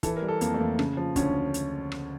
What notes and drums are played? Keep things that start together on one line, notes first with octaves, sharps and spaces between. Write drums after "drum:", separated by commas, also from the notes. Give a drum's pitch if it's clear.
E3 A4, drum: kick, hi-hat
A#4
G3
A4
F2 A#3, drum: hi-hat
A3
F2 A#3
C#3, drum: rim click
F3
D2 C#4, drum: kick, hi-hat
drum: hi-hat
drum: rim click